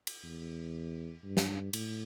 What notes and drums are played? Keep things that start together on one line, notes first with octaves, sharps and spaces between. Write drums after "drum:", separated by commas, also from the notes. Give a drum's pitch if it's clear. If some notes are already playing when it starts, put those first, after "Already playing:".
drum: cymbal
E2
G2
drum: snare
A2, drum: cymbal